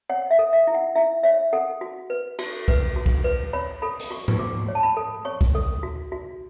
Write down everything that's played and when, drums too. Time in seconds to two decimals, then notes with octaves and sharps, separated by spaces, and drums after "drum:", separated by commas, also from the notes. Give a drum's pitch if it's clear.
0.09 C#5 F#5
0.31 E5
0.39 A4
0.53 E5
0.67 E4
0.74 F#5
0.95 E4 E5
1.23 C#5 E5
1.53 A4 F#5
1.81 F#4
2.10 B4
2.39 F#4, drum: cymbal
2.68 B4, drum: kick B1
2.96 F#4
3.06 drum: kick B1
3.24 B4
3.53 C#5 B5
3.82 A4 B5
4.00 drum: hi-hat
4.10 F#4 C#6
4.28 C#6, drum: tom G#2
4.39 F#4 D6
4.68 C#5
4.75 A5
4.83 B5
4.97 A4
5.25 C#5 C#6
5.41 drum: kick B1
5.55 A4
5.83 F#4
6.12 F#4